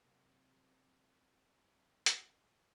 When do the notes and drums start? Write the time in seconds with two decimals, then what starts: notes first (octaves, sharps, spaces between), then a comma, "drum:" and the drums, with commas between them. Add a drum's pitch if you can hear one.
0.03 C3 F#3 A#3
2.06 drum: hi-hat